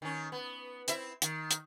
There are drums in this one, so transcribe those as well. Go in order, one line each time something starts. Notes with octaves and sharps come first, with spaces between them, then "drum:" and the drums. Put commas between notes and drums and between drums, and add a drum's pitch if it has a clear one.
D#3 C#4
B3
C4 E4 E5, drum: hi-hat
D#3, drum: hi-hat
drum: hi-hat